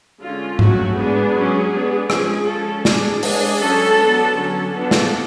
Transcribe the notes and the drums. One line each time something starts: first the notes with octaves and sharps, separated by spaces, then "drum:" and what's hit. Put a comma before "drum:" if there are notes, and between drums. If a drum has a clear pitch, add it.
D3 G#3 C#4 F4
F#3 A3 C#4 F#4, drum: tom G#2
G#3 B3 D4 G#4
F#3 C#4
G#3 B3 D4
F3 G#3 C#4 G#4, drum: rim click
G#3 C#4 A4
G#3 D4 G#4, drum: snare
G#3 D4 G#4, drum: open hi-hat
F#3 C#4 A4
F#3 B3 D4
D3 F#3 C#4 A4
F3 B3 D4
drum: snare